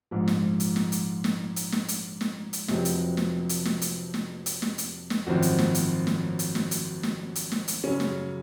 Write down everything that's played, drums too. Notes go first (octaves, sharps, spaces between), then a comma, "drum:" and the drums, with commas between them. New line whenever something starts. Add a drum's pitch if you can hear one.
A#1 G#2 F3
drum: snare
drum: hi-hat
drum: snare
drum: hi-hat
drum: snare
drum: hi-hat
drum: snare
drum: hi-hat
drum: snare
drum: hi-hat
F1 F2 C3 F#3 C4, drum: snare
drum: hi-hat
drum: snare
drum: hi-hat
drum: snare
drum: hi-hat
drum: snare
drum: hi-hat
drum: snare
drum: hi-hat
drum: snare
G#1 F#2 F3 C4 F#4
drum: hi-hat
drum: snare
drum: hi-hat
drum: snare
drum: hi-hat
drum: snare
drum: hi-hat
drum: snare
drum: hi-hat
drum: snare
drum: hi-hat
F#2 C#3 F#3 C#4
drum: snare